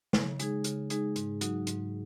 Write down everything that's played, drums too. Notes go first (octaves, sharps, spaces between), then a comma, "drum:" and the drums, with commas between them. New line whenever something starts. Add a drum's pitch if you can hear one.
C#3, drum: snare
G#3 D#4 G#4, drum: hi-hat
C#3, drum: hi-hat
G#3 D#4 G#4, drum: hi-hat
G#2, drum: hi-hat
F#3 D#4 F#4, drum: hi-hat
G#2, drum: hi-hat